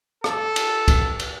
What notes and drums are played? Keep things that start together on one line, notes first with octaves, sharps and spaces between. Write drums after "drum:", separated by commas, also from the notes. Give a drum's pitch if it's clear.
A4, drum: rim click
drum: cymbal
drum: kick, cymbal
drum: cymbal